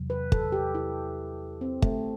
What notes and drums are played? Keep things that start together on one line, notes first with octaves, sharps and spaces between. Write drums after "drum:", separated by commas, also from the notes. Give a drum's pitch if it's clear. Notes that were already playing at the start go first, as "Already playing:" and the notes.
Already playing: E2 C3 F#3
B4
A4, drum: kick
G4
E4
C4
A3, drum: kick